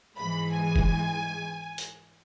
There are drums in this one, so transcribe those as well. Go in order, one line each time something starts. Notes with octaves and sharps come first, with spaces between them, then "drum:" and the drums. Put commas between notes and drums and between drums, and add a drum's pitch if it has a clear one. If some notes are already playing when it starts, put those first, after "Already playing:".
G#2 E3 G#3 B5
G#5
drum: kick
drum: hi-hat